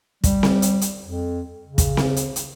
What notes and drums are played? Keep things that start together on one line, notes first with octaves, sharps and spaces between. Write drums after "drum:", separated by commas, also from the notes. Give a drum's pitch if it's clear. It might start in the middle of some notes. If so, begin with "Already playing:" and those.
G3, drum: kick, hi-hat
drum: snare C4
drum: hi-hat
drum: hi-hat
F2
C#3
drum: kick, hi-hat
drum: snare C4
drum: hi-hat
drum: hi-hat